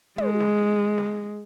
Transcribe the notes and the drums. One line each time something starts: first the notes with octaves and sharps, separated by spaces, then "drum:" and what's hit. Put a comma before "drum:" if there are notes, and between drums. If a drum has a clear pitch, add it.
G#3, drum: tom
drum: snare
drum: snare